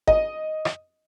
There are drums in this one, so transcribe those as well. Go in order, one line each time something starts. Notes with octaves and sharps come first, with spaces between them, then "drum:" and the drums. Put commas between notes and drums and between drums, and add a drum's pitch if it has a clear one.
D#5, drum: kick G1
drum: rim click